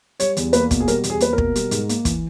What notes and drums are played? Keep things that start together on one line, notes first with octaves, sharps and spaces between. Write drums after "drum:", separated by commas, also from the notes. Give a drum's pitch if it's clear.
G3 C#5, drum: hi-hat
E2, drum: hi-hat
A#3 B4, drum: hi-hat
B2, drum: kick, hi-hat
G#4
G3 A#4, drum: hi-hat
E2, drum: hi-hat
G#4
A#3 B4, drum: hi-hat
A#4
B2, drum: kick
G3, drum: hi-hat
G#2, drum: hi-hat
A#3, drum: hi-hat
E3, drum: kick, hi-hat